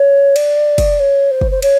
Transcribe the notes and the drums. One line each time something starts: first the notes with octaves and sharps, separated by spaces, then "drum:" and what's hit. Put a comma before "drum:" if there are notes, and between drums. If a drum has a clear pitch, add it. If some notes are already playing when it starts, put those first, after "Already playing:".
Already playing: C#5
D5, drum: cymbal
drum: kick, cymbal
C#5
C5
drum: kick
C5
C#5, drum: cymbal